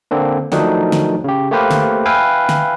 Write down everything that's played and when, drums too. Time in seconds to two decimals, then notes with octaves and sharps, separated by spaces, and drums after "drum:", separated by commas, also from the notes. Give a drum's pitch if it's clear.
0.11 D3 A#3 C4 D4
0.52 D#3 F3 F#3 A3 D4 D#4, drum: snare
0.92 drum: snare
1.24 C#3 G4
1.51 A3 A#3 G4 B4 C5 F5
1.71 drum: snare
2.06 B4 E5 F5 G5 G#5
2.49 drum: snare